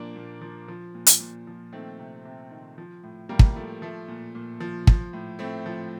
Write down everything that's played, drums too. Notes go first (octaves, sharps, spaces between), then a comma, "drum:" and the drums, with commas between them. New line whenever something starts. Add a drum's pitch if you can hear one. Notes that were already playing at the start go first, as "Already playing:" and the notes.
Already playing: A#2 F3 A#3 D4
A#2
F3
F3
A#2
drum: hi-hat
A#2
F3
D#3 A3 C4
C3
C3
D#3
F3
A2
A2 G3 A#3
drum: kick
F3 A3
F3 A3
A#2
A#2
F3
F3, drum: kick
A2
A2 A3 C4
F3